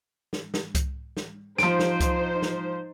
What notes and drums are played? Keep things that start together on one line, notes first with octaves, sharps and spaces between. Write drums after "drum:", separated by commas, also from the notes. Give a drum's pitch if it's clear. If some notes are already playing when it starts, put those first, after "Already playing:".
drum: snare
drum: snare
drum: kick C2, hi-hat
drum: snare
F3 D#4 C5 D7, drum: snare
drum: snare
drum: kick C2, hi-hat
drum: snare